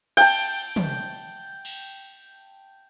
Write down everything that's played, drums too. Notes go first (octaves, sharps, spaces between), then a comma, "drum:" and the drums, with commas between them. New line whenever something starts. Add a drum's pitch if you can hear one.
G5 A5, drum: cymbal
drum: tom
drum: cymbal